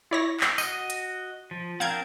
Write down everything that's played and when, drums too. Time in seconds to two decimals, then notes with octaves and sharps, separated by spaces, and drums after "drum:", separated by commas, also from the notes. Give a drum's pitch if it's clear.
0.11 E4 C#5 A#6
0.40 drum: clap
0.58 F#4 D#5, drum: tambourine
0.90 drum: hi-hat
1.51 F3
1.80 C4 D4 A#4 F5 G6 G#6